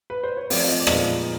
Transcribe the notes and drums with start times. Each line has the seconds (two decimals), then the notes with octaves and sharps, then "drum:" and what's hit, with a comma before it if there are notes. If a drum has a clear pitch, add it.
0.10 B4
0.23 C5
0.37 C#5
0.50 F3 A3 C4 D5, drum: open hi-hat
0.68 D#5
0.80 D5
0.87 A#2 F3 G#3 B3 D#4 D#5, drum: rim click